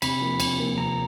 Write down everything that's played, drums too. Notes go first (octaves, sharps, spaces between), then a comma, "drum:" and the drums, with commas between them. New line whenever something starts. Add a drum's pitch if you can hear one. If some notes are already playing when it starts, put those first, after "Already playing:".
C3 B5, drum: cymbal
F3 A#3
C3, drum: cymbal
F3 A#3
C3 A#5